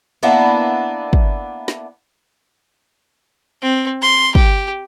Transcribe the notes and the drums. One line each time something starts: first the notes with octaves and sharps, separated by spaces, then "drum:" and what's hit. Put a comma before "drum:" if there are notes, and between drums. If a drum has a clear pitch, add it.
A#3 B3 D4 E4
drum: kick
drum: snare
C4
C6
G4, drum: kick